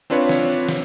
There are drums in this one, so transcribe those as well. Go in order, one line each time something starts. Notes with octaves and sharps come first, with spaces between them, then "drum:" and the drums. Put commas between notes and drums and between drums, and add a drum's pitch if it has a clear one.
C4 D4 F4 B4 C#5
drum: snare
drum: snare